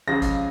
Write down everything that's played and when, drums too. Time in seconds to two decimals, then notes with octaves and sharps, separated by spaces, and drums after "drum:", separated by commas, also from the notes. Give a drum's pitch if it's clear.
0.07 C#2 C#3 F3 A#6
0.22 drum: kick G#1, hi-hat